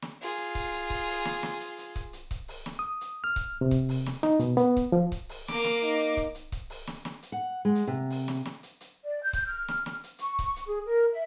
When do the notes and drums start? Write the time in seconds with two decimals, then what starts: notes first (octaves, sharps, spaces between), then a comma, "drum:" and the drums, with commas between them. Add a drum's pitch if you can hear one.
0.02 drum: snare
0.22 F4 G#4, drum: hi-hat
0.37 drum: hi-hat
0.55 drum: kick C#1, hi-hat
0.73 drum: hi-hat
0.90 drum: kick C#1, hi-hat
1.08 drum: open hi-hat
1.25 drum: snare
1.43 drum: snare
1.60 drum: hi-hat
1.78 drum: hi-hat
1.96 drum: kick C#1, hi-hat
2.13 drum: hi-hat
2.31 drum: kick C#1, hi-hat
2.48 drum: open hi-hat
2.66 drum: snare
2.79 D#6
3.01 drum: hi-hat
3.24 F6
3.36 drum: kick C#1, hi-hat
3.61 C3
3.71 drum: kick C#1, hi-hat
3.89 drum: open hi-hat
4.06 drum: snare
4.23 D#4, drum: snare
4.40 B2, drum: hi-hat
4.57 B3, drum: hi-hat
4.77 drum: kick C#1, hi-hat
4.92 F3
5.12 drum: kick C#1, hi-hat
5.29 drum: open hi-hat
5.48 A#3 D6, drum: snare
5.64 drum: snare
5.82 D#4, drum: hi-hat
6.00 drum: hi-hat
6.17 drum: kick C#1, hi-hat
6.35 drum: hi-hat
6.52 drum: kick C#1, hi-hat
6.70 drum: open hi-hat
6.87 drum: snare
7.05 drum: snare
7.22 drum: hi-hat
7.32 F#5
7.65 G#3
7.75 drum: hi-hat
7.87 C3
8.10 drum: open hi-hat
8.28 drum: snare
8.45 drum: snare
8.63 drum: hi-hat
8.81 drum: hi-hat
9.04 D5
9.23 G6
9.33 drum: kick C#1, hi-hat
9.46 F6
9.68 drum: snare
9.86 drum: snare
10.04 drum: hi-hat
10.19 C#6, drum: hi-hat
10.39 drum: kick C#1, hi-hat
10.56 drum: hi-hat
10.66 G#4
10.86 A#4
11.12 E5